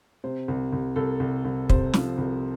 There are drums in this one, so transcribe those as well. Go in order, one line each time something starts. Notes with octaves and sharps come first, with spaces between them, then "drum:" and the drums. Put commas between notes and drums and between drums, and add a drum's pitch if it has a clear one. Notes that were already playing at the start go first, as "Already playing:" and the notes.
C3 C5
C2
C2
C2 A4
C2
C2
C3 C5, drum: kick
F3, drum: snare
C2